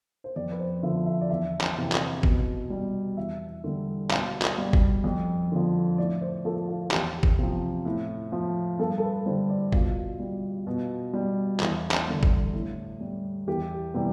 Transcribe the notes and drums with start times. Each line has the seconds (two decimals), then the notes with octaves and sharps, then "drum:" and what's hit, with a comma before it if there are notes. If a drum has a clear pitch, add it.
0.24 C5
0.36 F2 D5
0.51 B4
0.60 C5
0.83 D3 F3 E5
1.06 E5
1.21 D5
1.30 E2 E5
1.61 drum: clap
1.77 C3 E3
1.92 drum: clap
2.23 B2, drum: kick
2.70 G3
3.17 E2 E5
3.64 D3 G3
4.11 B2 F5, drum: clap
4.42 drum: clap
4.58 G3
4.73 drum: kick
5.04 F2
5.52 D3 F3
5.98 A2 D5
6.22 C5
6.45 F3 A4
6.68 F4
6.91 E2 G4, drum: clap
7.23 drum: kick
7.39 C3 F3
7.85 A2
8.32 F3
8.79 G2 A4
8.98 A4
9.03 B4
9.26 D3 G3 C5
9.50 D5
9.72 B2 F4, drum: kick
10.20 G3
10.67 B2
11.13 G3
11.60 E2, drum: clap
11.91 drum: clap
12.07 D3 G3
12.23 drum: kick
12.53 A2
13.00 G3
13.47 E2 G4
13.94 C3 E3 G3